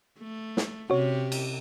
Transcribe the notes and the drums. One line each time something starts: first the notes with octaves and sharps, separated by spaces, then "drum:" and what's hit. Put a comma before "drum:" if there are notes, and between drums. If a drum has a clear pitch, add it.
A3
drum: snare
C3 C#4 F#4 G4 C#5
drum: cymbal